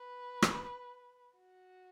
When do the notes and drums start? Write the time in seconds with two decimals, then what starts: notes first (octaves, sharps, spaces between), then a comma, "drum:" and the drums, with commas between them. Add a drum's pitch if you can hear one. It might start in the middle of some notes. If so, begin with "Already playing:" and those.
Already playing: B4
0.42 drum: rim click
1.37 F#4